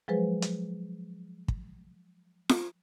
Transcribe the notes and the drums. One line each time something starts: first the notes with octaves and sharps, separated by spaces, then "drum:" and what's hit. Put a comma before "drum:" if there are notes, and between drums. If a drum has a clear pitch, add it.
F3 F#3 G#3 G#4 B4 C5
drum: hi-hat
drum: kick
drum: snare F4